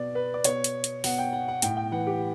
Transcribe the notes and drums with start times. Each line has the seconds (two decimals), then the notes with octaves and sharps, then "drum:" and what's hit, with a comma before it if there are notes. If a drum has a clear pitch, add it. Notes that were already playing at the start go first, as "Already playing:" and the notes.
Already playing: B2 D5
0.15 B4
0.34 D5
0.44 B2 C#5, drum: hi-hat
0.64 drum: hi-hat
0.84 drum: hi-hat
1.04 B2 F#5, drum: open hi-hat
1.18 G5
1.33 F#5
1.48 F#5
1.62 A2 G5, drum: hi-hat
1.77 G5
1.92 E3 F#5
2.07 G4